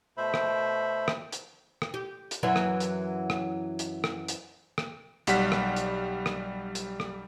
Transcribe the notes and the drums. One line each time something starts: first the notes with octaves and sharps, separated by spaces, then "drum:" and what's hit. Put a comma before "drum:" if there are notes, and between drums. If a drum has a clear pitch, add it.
B2 A3 C5 E5 B5
drum: rim click
drum: rim click
drum: hi-hat
drum: rim click
G4
drum: hi-hat
F#2 E3 F#3
drum: rim click
drum: hi-hat
drum: rim click
drum: hi-hat
drum: rim click
drum: hi-hat
drum: rim click
B1 G3 F#5 B6, drum: hi-hat
drum: rim click
drum: hi-hat
drum: rim click
drum: hi-hat
drum: rim click